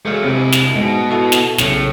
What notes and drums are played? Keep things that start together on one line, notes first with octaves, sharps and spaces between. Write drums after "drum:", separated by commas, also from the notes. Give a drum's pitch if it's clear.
F#3 G#3 A3 F5
C3 G#3 E4
drum: snare
G#2 B2
E4 F#4 A4
drum: snare
B1 A2 C#3, drum: snare